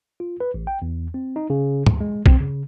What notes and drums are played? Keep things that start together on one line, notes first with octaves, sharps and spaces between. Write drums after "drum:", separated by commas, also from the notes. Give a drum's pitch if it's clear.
F4
B4
A1
G5
E2
C4
D#4
C#3
D2, drum: tom
G#3
C4, drum: kick
C#3